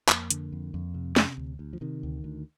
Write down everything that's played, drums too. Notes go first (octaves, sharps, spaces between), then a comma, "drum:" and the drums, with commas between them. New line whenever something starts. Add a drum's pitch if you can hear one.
F2 A#3, drum: clap
D3, drum: hi-hat
F2
F2
C3
C3, drum: snare
D2
D2
F3
C3 D#3
D2
D2